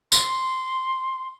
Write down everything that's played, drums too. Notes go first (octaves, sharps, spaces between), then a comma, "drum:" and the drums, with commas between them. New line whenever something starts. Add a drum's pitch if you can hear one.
C6, drum: tambourine